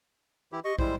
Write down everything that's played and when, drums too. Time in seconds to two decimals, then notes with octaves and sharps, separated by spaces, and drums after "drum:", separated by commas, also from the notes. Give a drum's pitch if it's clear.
0.52 E3 E4 G4
0.64 G4 D#5 C#6
0.79 G3 G#3 E4 C5, drum: kick